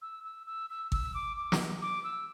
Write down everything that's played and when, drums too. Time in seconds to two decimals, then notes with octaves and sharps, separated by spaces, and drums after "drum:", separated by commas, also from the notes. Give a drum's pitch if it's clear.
0.02 E6
0.24 E6
0.46 E6
0.70 E6
0.92 E6, drum: kick G#1
1.14 D6
1.37 D6
1.52 drum: snare
1.82 D6
2.04 E6